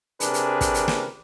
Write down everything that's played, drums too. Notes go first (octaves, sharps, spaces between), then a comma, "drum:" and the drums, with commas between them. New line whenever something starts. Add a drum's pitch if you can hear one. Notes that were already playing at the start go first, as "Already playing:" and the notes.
C3 D4 G#4 A#4 B4, drum: hi-hat
drum: hi-hat
drum: kick, hi-hat
drum: hi-hat
drum: snare